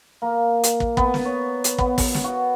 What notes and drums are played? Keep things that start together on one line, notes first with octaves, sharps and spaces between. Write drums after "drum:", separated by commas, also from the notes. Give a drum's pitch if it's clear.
A#3
drum: hi-hat
drum: kick
B3, drum: kick
drum: snare
C#5
drum: hi-hat
B3, drum: kick
drum: kick, open hi-hat
drum: snare
F#4